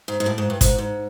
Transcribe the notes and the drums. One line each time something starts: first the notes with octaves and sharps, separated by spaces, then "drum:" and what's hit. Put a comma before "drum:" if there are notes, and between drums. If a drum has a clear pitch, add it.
G#2
G#2
A2
G#2
G2
G#2, drum: kick, hi-hat
G#2